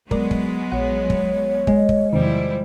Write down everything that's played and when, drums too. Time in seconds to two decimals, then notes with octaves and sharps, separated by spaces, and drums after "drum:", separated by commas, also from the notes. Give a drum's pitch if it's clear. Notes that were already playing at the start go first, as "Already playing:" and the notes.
0.11 F#3 G#3 B3 A#4 D5, drum: kick
0.31 drum: kick
0.72 A#1 C#5 F#5
1.10 drum: kick
1.67 G#3 G#5, drum: kick
1.89 drum: kick
2.13 E2 C3 D#3 F3 G3 E4 C5